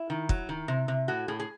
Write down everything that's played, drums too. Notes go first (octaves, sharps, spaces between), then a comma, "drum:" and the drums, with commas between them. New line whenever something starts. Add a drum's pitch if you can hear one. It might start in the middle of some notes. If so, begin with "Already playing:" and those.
Already playing: E4
D#3
F#3, drum: kick
D#3
C3
C3
A2 F#4
A2 G#4
G#4